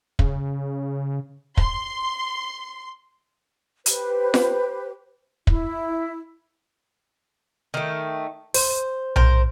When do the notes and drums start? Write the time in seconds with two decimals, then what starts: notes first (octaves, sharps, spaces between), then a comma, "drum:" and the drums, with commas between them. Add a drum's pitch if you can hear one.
0.19 C#3, drum: kick
1.57 C6, drum: kick
3.86 G4 B4 C5, drum: hi-hat
4.34 drum: snare F4
5.47 E4, drum: kick
7.74 D#3 A3
8.54 C5, drum: open hi-hat
9.16 A#4 C5, drum: tom B1